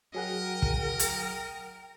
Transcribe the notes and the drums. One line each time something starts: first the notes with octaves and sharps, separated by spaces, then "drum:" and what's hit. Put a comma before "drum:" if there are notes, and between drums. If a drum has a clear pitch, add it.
F#3 G#4 A#4 D#5 F#5 G5
drum: kick
drum: hi-hat